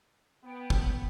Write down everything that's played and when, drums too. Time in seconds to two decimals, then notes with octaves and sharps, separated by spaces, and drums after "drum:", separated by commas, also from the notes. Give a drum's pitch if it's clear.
0.44 B3 G5
0.70 drum: kick